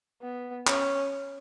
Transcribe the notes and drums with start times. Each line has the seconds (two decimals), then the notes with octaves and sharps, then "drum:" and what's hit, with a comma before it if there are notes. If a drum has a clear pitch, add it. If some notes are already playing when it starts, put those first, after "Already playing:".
0.22 B3
0.67 C#4, drum: clap